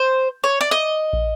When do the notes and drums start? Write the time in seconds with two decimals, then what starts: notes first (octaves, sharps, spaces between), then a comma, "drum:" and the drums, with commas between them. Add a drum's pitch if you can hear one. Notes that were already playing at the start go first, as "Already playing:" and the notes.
Already playing: C5
0.44 C#5
0.61 D5
0.71 D#5
1.13 drum: kick